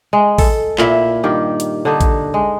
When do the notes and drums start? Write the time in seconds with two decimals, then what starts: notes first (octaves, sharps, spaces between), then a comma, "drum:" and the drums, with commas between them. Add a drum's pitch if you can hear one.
0.13 G#3
0.38 A4, drum: kick A1, open hi-hat
0.78 A#2 E4 E5, drum: clap
1.23 G2 D#3 G4
1.60 drum: hi-hat
1.85 D3 D4 D#4
2.01 drum: kick A1, hi-hat
2.34 G#3